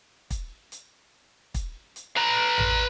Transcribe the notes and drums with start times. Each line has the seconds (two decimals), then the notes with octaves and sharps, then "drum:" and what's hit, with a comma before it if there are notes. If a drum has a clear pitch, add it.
0.31 drum: kick, hi-hat
0.72 drum: hi-hat
1.55 drum: kick, hi-hat
1.96 drum: hi-hat
2.16 B4 A#5
2.58 drum: tom A1